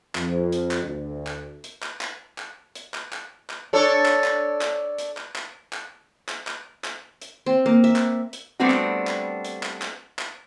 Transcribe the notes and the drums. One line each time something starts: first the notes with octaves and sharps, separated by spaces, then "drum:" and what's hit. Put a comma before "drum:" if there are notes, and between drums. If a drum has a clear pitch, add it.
F2, drum: clap
drum: hi-hat
drum: clap
D2
drum: clap
drum: hi-hat
drum: clap
drum: clap
drum: clap
drum: hi-hat
drum: clap
drum: clap
drum: clap
D4 A4 C#5
drum: clap
drum: clap
drum: clap
drum: hi-hat
drum: clap
drum: clap
drum: clap
drum: clap
drum: clap
drum: clap
drum: hi-hat
C4
A#3
E5
drum: clap
drum: hi-hat
G3 A3 B3 C4 D4 F#4
drum: clap
drum: clap
drum: hi-hat
drum: clap
drum: clap
drum: clap